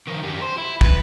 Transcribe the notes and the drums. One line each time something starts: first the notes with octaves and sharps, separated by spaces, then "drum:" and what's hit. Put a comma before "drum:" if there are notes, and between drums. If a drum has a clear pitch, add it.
D#3 F3
F#2 G3
C5
E4
B4, drum: kick